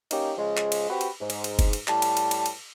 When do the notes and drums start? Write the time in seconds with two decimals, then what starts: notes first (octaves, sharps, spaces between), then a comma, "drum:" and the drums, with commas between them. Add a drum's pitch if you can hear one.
0.11 A#3 C#4 D#4 G4, drum: cymbal
0.37 C#3 F3 G#3
0.57 drum: clap
0.72 drum: cymbal
0.89 C4 F#4 G4 B4
1.01 drum: cymbal
1.20 G#2
1.30 drum: cymbal
1.44 drum: cymbal
1.59 drum: kick F#1, cymbal
1.73 drum: cymbal
1.88 A2 G3 A5, drum: clap
2.02 drum: cymbal
2.17 drum: cymbal
2.31 drum: cymbal
2.46 drum: cymbal